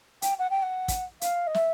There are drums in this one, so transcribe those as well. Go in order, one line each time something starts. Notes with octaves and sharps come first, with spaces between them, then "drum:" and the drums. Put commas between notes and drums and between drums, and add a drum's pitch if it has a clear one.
G5, drum: hi-hat
F#5
G5
F#5
drum: kick, hi-hat
F5, drum: hi-hat
D#5
E5, drum: snare